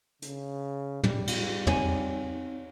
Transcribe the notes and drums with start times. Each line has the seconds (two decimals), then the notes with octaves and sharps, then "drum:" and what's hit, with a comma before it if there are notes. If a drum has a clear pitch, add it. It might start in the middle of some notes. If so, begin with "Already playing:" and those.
0.22 C#3, drum: hi-hat
1.03 G3, drum: tom
1.27 drum: cymbal
1.67 C4 D#4 C#5 G#5, drum: tom